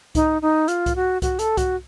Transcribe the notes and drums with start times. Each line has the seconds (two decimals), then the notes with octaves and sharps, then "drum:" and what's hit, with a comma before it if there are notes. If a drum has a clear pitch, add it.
0.15 D#4, drum: kick C2, hi-hat
0.42 D#4
0.68 F4, drum: hi-hat
0.86 drum: kick C2, hi-hat
0.96 F#4
1.22 F#4, drum: kick C2, hi-hat
1.39 A4, drum: hi-hat
1.57 F#4, drum: kick C2, hi-hat